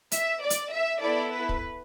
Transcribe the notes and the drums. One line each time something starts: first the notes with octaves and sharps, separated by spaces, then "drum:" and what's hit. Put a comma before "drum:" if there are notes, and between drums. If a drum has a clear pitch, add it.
E5, drum: hi-hat
D5
drum: hi-hat
E5
B3 E4 A4 D5
B4
drum: kick